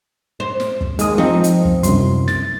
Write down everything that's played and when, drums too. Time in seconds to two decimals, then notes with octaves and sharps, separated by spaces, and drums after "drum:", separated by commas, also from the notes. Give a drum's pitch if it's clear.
0.40 C5
0.60 drum: snare
0.81 drum: kick
0.99 D#2 G#3 D#6, drum: hi-hat
1.18 F3 C4 D#4
1.44 drum: hi-hat
1.65 drum: kick
1.83 C2 F#2 C6, drum: kick, hi-hat
2.28 A6, drum: snare